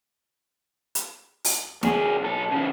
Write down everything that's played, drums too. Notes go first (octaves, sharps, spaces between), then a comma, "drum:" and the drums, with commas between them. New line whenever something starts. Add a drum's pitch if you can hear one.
drum: hi-hat
drum: open hi-hat
D2 G#4, drum: snare
B1 A4
C#3 E3